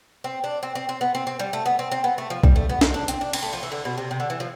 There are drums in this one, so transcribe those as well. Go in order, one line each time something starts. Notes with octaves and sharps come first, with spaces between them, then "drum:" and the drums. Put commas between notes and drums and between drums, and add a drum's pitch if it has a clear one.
C4
D4
C4
C4
C4
B3
C4
C4
G3
A3
B3
C4
C4
B3
A3
F3
G3, drum: kick B1
A3
B3
C4, drum: snare
D4
C4, drum: hi-hat
D4
C4, drum: cymbal
A3
F3
E3
D3
B2
C3
C3
D3
E3
F3